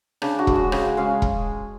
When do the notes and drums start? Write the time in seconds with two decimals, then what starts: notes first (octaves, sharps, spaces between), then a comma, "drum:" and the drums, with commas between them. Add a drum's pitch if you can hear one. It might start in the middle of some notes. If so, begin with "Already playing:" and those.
0.22 C#3 D4, drum: rim click
0.39 F#4
0.47 G#3 C#4, drum: kick E1
0.55 F#4
0.72 C#3 G#4, drum: rim click
0.97 G#3 C#4 F5
1.22 drum: kick E1